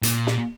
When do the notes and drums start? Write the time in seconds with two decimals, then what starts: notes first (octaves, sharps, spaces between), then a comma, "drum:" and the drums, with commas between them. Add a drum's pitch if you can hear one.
0.03 A#2, drum: hi-hat
0.27 drum: snare